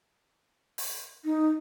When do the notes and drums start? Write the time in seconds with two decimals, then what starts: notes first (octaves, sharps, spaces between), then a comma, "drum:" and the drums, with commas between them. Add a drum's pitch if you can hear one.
0.78 drum: open hi-hat
1.25 D#4